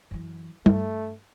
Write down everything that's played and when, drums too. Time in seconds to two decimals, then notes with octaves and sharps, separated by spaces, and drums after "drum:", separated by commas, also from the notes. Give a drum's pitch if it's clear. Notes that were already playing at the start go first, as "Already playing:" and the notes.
0.11 F#2 E3
0.66 G2 A3, drum: tom G3